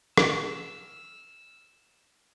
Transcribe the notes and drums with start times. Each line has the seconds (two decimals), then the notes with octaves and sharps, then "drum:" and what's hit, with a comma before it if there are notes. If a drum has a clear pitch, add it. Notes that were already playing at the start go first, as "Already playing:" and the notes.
0.17 E6 F6 D7, drum: rim click